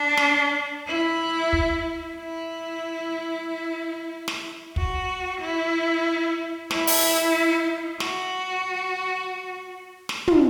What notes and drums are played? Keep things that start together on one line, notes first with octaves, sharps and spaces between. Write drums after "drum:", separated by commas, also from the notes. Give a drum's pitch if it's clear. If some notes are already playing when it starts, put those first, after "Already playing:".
Already playing: D4
drum: snare
E4
drum: kick
E4
drum: snare
F#4, drum: kick
E4
E4, drum: snare
drum: open hi-hat
F#4, drum: snare
drum: snare
drum: tom